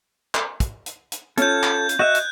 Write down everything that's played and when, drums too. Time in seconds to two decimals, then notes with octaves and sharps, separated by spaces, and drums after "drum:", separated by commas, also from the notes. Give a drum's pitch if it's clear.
0.35 drum: clap
0.60 drum: kick, hi-hat
0.86 drum: hi-hat
1.12 drum: hi-hat
1.38 C#4 F4 A4 G6 G#6, drum: hi-hat
1.63 drum: clap
1.89 drum: hi-hat
1.99 F#4 D#5 E5 F#5 F#6
2.15 drum: hi-hat